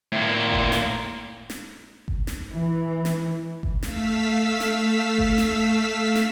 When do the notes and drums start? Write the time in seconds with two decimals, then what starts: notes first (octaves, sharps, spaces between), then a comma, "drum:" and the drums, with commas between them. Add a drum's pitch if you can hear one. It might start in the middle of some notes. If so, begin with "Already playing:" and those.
0.12 A2 A#3
0.52 drum: kick G1
0.72 drum: snare
1.50 drum: snare
2.08 drum: kick G1
2.27 drum: snare
2.53 E3
3.05 drum: snare
3.63 drum: kick G1
3.83 A3 F5 E6 B6, drum: snare
4.60 drum: snare
5.18 drum: kick G1
5.38 drum: snare
6.15 drum: snare